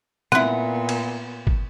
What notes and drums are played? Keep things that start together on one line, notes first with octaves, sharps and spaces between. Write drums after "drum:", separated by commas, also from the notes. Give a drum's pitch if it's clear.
A#2 B3 C4 E4 F#5, drum: snare
drum: cymbal
drum: kick